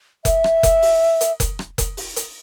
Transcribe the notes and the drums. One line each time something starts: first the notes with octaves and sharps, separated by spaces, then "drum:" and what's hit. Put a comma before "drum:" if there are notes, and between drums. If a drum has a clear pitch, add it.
E5, drum: kick F1, hi-hat
drum: rim click
drum: kick F1, hi-hat
drum: open hi-hat
drum: hi-hat
drum: kick F1, hi-hat
drum: rim click
drum: kick F1, hi-hat
drum: open hi-hat
drum: hi-hat